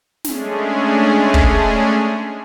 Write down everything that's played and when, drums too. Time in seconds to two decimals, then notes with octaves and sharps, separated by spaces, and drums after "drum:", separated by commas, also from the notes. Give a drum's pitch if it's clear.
0.24 G#3 A3 C#4 D4 G#4, drum: snare
1.34 drum: kick